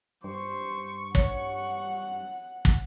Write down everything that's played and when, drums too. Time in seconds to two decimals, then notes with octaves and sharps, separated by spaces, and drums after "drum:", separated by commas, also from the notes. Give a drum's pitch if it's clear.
0.24 G2 C5 C#6
1.15 C#5 F#5, drum: kick
2.65 drum: kick